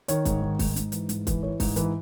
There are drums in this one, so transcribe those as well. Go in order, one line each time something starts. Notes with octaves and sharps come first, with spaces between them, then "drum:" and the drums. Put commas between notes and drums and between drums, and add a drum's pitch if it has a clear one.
D#3 C#5, drum: hi-hat
G#2, drum: kick, hi-hat
D#3
G#2, drum: kick, open hi-hat
G#2, drum: hi-hat
E3, drum: hi-hat
G#2, drum: hi-hat
E3, drum: kick, hi-hat
E3 C#5
G#2, drum: kick, open hi-hat
E3 B4, drum: hi-hat